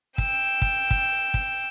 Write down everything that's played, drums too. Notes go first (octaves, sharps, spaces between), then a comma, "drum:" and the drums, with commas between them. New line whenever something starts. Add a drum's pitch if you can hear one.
G5 E6, drum: kick
drum: kick
drum: kick
drum: kick